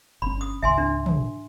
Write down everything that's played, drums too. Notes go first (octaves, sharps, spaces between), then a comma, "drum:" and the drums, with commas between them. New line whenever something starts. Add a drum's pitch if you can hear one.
G1 C#4 B5
D#6
G#1 C#2 E5 G#5 C6
D4
drum: tom